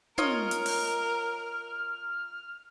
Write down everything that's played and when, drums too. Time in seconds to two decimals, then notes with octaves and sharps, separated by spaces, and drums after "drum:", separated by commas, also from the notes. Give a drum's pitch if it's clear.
0.18 F4 A#4 C#5 D#5 F6, drum: tom
0.51 drum: hi-hat
0.66 drum: open hi-hat